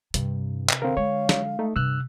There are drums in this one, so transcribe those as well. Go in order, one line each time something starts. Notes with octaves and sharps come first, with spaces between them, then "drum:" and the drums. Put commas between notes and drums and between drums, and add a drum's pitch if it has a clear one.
G2 C3, drum: hi-hat
drum: clap
D3 C4 A#4 F5
G#3 C#5
drum: snare
A3 D#4
G2 C3 E6 F#6